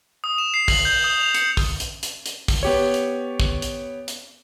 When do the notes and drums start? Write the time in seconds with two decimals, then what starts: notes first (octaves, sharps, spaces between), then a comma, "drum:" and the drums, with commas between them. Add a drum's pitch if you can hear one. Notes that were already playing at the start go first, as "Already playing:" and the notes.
0.24 D#6
0.38 E7
0.54 C7
0.68 F#7, drum: kick, open hi-hat
0.85 G6
1.04 D#6
1.21 F7
1.34 C#7, drum: hi-hat
1.57 drum: kick, open hi-hat
1.80 drum: hi-hat
2.03 drum: hi-hat
2.26 drum: hi-hat
2.48 drum: kick, open hi-hat
2.63 B3 G4 C#5
2.94 drum: hi-hat
3.40 drum: kick
3.62 drum: hi-hat
4.08 drum: hi-hat